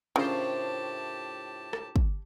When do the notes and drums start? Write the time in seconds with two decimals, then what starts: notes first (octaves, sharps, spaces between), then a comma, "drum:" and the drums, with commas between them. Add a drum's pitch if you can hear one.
0.16 A2 C#3 D4 F4 G4 A#4 C5 A5
1.73 drum: rim click
1.96 drum: kick